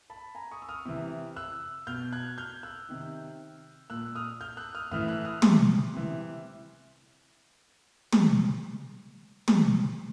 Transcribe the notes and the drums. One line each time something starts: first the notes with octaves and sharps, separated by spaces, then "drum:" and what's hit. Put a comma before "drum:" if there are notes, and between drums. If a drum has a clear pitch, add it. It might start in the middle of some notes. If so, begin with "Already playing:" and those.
A5 B5
G#5 A#5
C#6 D#6
E6
D#6 F6
C3 E3
E6 F#6
B2 F6 G6
F#6 G#6
F6 G6
E6 F#6
C3 D#3
A#2 E6 F#6
D#6 F6
F6 G6
E6 F#6
D#6 F6
A2 E3 D#6 F6
E6 F#6
D#6 F6
C6 D6, drum: tom
C3 E3
drum: tom
drum: tom